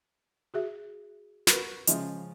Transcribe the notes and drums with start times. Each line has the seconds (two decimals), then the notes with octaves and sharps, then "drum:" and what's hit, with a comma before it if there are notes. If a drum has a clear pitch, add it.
0.54 F#4 G#4 E5
1.47 F#4 A#4 B4, drum: snare
1.87 C#3 F3 G#3 D#5 E5, drum: hi-hat